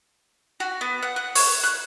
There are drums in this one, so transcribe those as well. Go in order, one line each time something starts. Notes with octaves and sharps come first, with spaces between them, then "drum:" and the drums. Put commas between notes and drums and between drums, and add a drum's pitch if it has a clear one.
F#4
B3
F#5
F#5
C#5, drum: open hi-hat
F#6